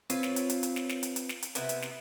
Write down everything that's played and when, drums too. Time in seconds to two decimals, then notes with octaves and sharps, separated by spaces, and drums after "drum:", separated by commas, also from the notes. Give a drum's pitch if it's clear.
0.10 C4 F4 B4 C#5, drum: hi-hat
0.23 drum: snare
0.36 drum: hi-hat
0.50 drum: hi-hat
0.63 drum: hi-hat
0.76 drum: snare
0.89 drum: snare
1.03 drum: hi-hat
1.16 drum: hi-hat
1.29 drum: snare
1.43 drum: hi-hat
1.55 C3 B3 E4, drum: hi-hat
1.69 drum: hi-hat
1.82 drum: snare